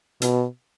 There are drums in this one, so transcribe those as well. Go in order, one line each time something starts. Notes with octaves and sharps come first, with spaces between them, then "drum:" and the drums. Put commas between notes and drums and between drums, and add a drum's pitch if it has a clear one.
B2, drum: hi-hat